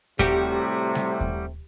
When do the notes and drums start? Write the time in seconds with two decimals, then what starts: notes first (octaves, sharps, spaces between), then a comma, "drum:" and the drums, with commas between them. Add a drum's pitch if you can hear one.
0.19 A2 C3 G3 F#4 G4, drum: kick D#2
0.95 drum: snare G3
1.21 drum: kick D#2